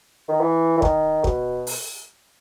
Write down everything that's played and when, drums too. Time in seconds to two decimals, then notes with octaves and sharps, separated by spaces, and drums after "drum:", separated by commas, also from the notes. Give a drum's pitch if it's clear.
0.29 D#3
0.41 E3
0.77 E3
0.82 D#3, drum: kick
1.24 B2, drum: kick
1.67 drum: open hi-hat